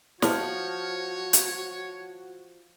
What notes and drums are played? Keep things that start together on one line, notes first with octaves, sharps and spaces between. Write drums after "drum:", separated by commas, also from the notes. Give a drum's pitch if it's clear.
F3 F#4 C#5 A5 F6, drum: snare
drum: hi-hat